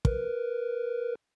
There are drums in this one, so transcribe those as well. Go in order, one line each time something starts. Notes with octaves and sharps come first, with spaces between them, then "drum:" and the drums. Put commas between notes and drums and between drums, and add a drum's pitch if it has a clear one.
A#4 B4, drum: kick